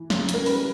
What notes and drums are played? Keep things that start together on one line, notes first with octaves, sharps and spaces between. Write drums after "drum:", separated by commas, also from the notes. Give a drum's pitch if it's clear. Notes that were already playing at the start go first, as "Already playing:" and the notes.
Already playing: E3
C#3, drum: snare
C#4, drum: hi-hat
A#4
G3 B4, drum: open hi-hat